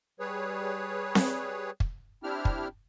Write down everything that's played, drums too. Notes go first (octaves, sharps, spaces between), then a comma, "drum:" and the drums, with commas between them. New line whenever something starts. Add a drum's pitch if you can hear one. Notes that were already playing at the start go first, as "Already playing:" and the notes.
G3 G#4 B4 C#5
drum: snare C4
drum: kick
C4 D4 E4 G4 F6
drum: kick